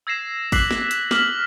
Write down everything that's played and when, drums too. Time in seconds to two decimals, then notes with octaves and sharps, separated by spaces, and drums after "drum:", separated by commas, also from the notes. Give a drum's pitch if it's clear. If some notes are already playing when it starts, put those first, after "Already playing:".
0.07 E6 G#6 A#6 C7 E7
0.52 D6 E6 F#6 B6 C7 F#7, drum: kick, open hi-hat
0.71 drum: snare
0.91 drum: hi-hat
1.11 D6 F6 B6 F#7, drum: snare